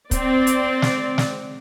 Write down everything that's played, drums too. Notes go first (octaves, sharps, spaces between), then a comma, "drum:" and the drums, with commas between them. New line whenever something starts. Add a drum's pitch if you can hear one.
C4 D5, drum: kick, hi-hat
drum: hi-hat
drum: snare
drum: snare